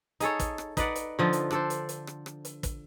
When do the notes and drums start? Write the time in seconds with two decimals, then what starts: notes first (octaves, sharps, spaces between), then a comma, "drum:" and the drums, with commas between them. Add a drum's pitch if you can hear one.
0.20 D#4 G#4 A4 C#5, drum: hi-hat
0.40 drum: kick, hi-hat
0.58 drum: rim click
0.77 D#4 B4 D5 F#5, drum: kick, hi-hat
0.95 drum: hi-hat
1.19 D3 F3 D#4 F4
1.33 drum: hi-hat
1.51 D4 A4 C5, drum: rim click
1.70 drum: hi-hat
1.89 drum: hi-hat
2.07 drum: rim click
2.26 drum: rim click
2.45 drum: hi-hat
2.63 drum: kick, hi-hat